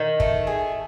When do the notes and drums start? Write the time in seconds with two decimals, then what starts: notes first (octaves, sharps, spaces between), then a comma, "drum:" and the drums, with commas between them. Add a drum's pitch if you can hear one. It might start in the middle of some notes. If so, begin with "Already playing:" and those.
Already playing: D#3
0.20 A3, drum: kick
0.47 G#4